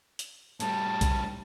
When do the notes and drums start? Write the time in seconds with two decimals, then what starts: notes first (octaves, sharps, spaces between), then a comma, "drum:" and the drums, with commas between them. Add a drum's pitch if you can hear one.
0.19 drum: hi-hat
0.60 A2 G3 A5, drum: hi-hat
1.01 drum: kick, hi-hat